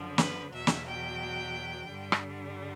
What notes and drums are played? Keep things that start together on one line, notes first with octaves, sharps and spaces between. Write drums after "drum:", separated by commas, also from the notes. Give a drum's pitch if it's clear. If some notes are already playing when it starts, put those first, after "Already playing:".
Already playing: F#2 D3 F3
B4, drum: snare
E2 B2 F#3 E5
drum: snare
G5
G2 D3 G3
drum: rim click